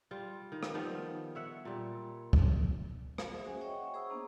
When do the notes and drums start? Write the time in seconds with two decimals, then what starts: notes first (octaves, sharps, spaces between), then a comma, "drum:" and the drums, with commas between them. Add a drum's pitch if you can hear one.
0.11 G3 F4
0.52 D#3
0.63 drum: rim click
0.74 D#3 F3 G3 B3
1.35 C#5 E5 F#5
1.65 A#2 G3
2.33 drum: kick
3.18 drum: rim click
3.32 G#4 C5 E5 F5
3.45 C#4 F#4 C5 F#5 G#5
3.61 C#5 D#5 E5 F#5 G5 C#6
3.94 G#4 C5 B5 C#6 D#6 E6
4.09 A#3 B3 D4 A#5